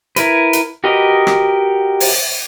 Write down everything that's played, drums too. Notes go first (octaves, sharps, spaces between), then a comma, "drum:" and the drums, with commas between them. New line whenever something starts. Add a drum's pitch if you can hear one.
E4 A#4 B4, drum: hi-hat
drum: hi-hat
F#4 G4 A#4 B4 D#5
drum: rim click
drum: open hi-hat